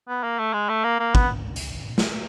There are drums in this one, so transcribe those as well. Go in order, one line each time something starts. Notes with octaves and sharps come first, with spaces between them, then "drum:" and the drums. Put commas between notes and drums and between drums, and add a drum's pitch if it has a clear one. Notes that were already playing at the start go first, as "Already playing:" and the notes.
B3
A#3
A3
G#3
A3
A#3
A#3
B3, drum: kick
drum: hi-hat
drum: snare